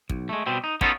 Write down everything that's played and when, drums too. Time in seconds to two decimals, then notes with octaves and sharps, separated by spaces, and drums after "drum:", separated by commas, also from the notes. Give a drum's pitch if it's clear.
0.09 B1, drum: kick
0.29 G#3 A3
0.46 B2 G3 C4
0.64 D#4
0.81 B3 C#4 D#4 F4 G#4 A4, drum: kick